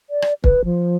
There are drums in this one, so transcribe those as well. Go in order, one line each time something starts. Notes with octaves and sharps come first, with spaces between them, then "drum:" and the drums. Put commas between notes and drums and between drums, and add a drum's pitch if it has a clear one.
D5
drum: rim click
B4, drum: kick
F3